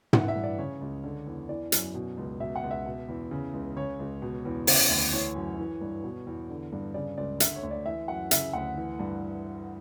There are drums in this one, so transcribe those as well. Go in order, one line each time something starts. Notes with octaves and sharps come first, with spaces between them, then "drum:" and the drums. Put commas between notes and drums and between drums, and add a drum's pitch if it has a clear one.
E3 F#5, drum: tom
E5
G2
D5
C#3 C#5
C#2
D3
E2
E3 D5
F#2, drum: hi-hat
B2
C#2
B2 E5
F#5
C#2
E5
B2
E2
C#3
C#2
C#3 C#5
C#2
B2
E2
C#3 C#5, drum: open hi-hat
D2
E3 C#5
F#2
E3
G2
B2
E2
D3
G2
C#3 D5
C#2 D5
D3 E5, drum: hi-hat
C#5
D2
D5
E3 E5
F#2 F#5
C#3 E5, drum: hi-hat
D2 F#5
E3
G2